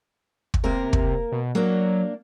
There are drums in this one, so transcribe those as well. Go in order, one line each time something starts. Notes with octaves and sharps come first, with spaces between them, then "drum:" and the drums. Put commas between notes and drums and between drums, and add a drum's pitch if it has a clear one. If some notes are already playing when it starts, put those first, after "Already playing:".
drum: kick
C3 A#3 A#4
drum: kick
B2
F#3 A#3 D4